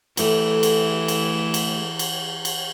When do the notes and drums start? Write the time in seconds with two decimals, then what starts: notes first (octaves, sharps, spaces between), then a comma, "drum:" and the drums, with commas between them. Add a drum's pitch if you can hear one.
0.17 D2 E3 A3 G4, drum: cymbal
0.63 drum: cymbal
1.08 drum: cymbal
1.54 drum: cymbal
1.99 drum: cymbal
2.45 drum: cymbal